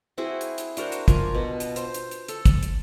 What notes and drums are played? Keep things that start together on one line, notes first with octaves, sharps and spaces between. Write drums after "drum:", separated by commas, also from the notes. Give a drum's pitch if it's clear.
C4 E4 F#4 G#4
drum: hi-hat
drum: hi-hat
D4 F#4 A#4 C5, drum: hi-hat
drum: hi-hat
A#3 F4 A#4 G#5, drum: kick, hi-hat
B2
drum: hi-hat
C5, drum: hi-hat
drum: hi-hat
drum: hi-hat
A4, drum: hi-hat
drum: kick, hi-hat
drum: hi-hat